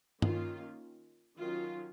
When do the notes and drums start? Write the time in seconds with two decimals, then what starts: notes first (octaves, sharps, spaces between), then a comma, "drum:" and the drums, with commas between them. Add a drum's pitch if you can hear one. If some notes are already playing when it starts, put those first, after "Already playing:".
0.22 D#3 A#3 C#4 F4, drum: tom G2
1.37 D#3 F#3 C#4 F4